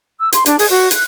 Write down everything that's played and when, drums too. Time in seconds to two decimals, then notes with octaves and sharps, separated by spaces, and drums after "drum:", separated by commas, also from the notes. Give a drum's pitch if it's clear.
0.20 E6
0.32 C6, drum: hi-hat
0.46 D4, drum: hi-hat
0.59 G#4, drum: open hi-hat
0.70 F#4
0.91 F#6, drum: hi-hat